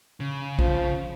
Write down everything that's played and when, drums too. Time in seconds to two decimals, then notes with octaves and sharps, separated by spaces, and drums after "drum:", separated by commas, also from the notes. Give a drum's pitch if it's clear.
0.20 C#3
0.59 F3, drum: kick